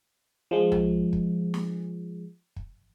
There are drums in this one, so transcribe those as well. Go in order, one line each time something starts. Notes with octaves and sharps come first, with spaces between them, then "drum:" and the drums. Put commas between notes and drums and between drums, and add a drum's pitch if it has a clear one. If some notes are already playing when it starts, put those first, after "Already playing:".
F3 G#3
drum: tom A#1
drum: kick
drum: snare
drum: kick